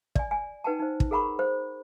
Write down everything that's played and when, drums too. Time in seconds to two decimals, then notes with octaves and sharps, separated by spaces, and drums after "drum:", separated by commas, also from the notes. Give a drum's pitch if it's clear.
0.15 D5 G#5, drum: kick
0.31 G#5
0.64 D#4 B4 F#5 G5 A5
0.79 D#4 C5
1.00 drum: kick
1.11 G#4 A#4 F#5 A#5 B5 C#6
1.39 C5